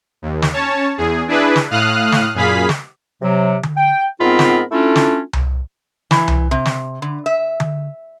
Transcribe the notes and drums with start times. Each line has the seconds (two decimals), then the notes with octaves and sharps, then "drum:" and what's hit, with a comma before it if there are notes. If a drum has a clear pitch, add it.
0.22 D#2
0.42 drum: snare
0.53 C#4 C#5 A5
0.98 E2 G#4
1.28 D4 E4 G#4 B4
1.56 drum: snare
1.71 A2 F5 D#6 F6 F#6
2.12 drum: snare
2.34 F#2 A#2 G#4 F5 B5 B6
2.69 drum: snare
3.22 C3 F#3
3.63 drum: tom D3
3.76 G5
4.20 G#2 B3 C4 F4 A#4 B5
4.39 drum: snare
4.71 A3 C#4 D4 E4 F4 A4
4.95 drum: snare
5.33 drum: tom C2
6.11 E3, drum: snare
6.28 drum: tom C2
6.51 C3
6.65 drum: snare
7.02 D3
7.26 E5
7.60 drum: tom D3